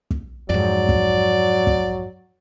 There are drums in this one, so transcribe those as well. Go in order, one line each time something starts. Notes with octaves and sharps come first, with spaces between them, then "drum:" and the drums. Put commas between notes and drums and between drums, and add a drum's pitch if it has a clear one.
drum: kick
F2 G#2 F#3 D5
drum: kick
drum: kick